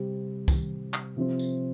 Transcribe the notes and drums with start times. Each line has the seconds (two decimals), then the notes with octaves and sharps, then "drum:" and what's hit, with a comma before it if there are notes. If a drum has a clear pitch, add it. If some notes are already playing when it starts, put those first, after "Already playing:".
Already playing: C3 G3 C4 G4
0.48 drum: kick, tambourine
0.94 drum: clap
1.16 C3 F3 C4
1.39 drum: tambourine